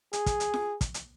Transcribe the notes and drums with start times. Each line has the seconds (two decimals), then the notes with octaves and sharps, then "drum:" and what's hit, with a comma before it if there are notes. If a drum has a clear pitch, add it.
0.13 G#4, drum: hi-hat
0.26 drum: kick, hi-hat
0.40 drum: hi-hat
0.54 drum: snare F4
0.81 drum: kick, hi-hat
0.94 drum: hi-hat